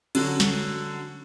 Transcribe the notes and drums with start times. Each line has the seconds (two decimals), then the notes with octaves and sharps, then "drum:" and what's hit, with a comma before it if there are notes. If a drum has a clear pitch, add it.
0.15 D3 F#3 C#4 F#4, drum: cymbal
0.40 drum: snare